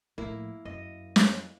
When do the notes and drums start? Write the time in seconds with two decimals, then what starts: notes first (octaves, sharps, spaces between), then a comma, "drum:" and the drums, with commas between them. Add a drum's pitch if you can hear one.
0.18 A2 F3 A#3 E4
0.65 F#2 D#5
1.16 drum: snare